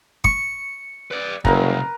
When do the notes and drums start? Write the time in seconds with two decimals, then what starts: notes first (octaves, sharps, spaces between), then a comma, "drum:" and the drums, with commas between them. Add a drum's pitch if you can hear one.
0.24 C#6, drum: kick
1.11 B4 D5
1.45 F#1 C2 A#4 B4 A#5, drum: kick